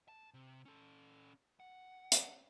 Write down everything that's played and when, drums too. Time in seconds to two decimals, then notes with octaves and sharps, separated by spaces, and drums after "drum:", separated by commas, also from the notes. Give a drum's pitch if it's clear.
0.08 A5
0.34 C3
0.66 C#4 A4
1.60 F#5
2.12 drum: hi-hat